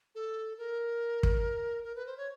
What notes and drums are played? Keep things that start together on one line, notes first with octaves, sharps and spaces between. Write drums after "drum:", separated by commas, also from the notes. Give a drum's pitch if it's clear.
A4
A#4
drum: kick
A#4
B4
C5
C#5